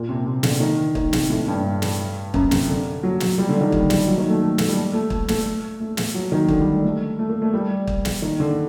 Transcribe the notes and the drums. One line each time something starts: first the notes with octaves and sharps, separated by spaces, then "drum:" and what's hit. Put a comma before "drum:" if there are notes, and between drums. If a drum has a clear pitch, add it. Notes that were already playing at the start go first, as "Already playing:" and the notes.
Already playing: A#2
C3
C3
D3, drum: snare
D#3
D#3, drum: kick
C3, drum: snare
A2
G2
drum: snare
F#2, drum: kick
C3, drum: snare
D3
F#3
drum: snare
G3
D3
D#3
G3, drum: kick
G3, drum: snare
F#3
D#3
A3
A3
A3, drum: snare
G3
A3
A3
A3, drum: kick
A3, drum: snare
A3
drum: snare
F#3
D#3
D3, drum: kick
G3
A3
A3
A3
A#3
A3
G3
drum: kick
drum: snare
D#3
D3